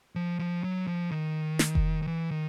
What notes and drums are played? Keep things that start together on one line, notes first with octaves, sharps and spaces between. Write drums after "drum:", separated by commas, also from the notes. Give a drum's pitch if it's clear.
F3
F3
F#3
F3
D#3
drum: snare
drum: kick F1
D#3
E3
D#3